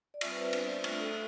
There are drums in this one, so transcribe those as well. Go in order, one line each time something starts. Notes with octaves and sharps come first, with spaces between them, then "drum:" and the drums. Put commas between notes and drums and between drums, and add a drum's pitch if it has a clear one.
D5
G3 C4 F4 E5, drum: cymbal
B4
C5
B3 D4 F4 D5, drum: cymbal
F5
A3 D4 F4 E5, drum: cymbal
A4